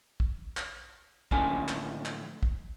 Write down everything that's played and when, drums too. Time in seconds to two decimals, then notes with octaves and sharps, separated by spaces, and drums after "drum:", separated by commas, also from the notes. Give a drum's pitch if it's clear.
0.20 drum: kick
0.57 drum: clap
1.31 A2 D3 F3 A#3 C#4 G#5, drum: kick
1.68 drum: clap
2.05 drum: clap
2.43 drum: kick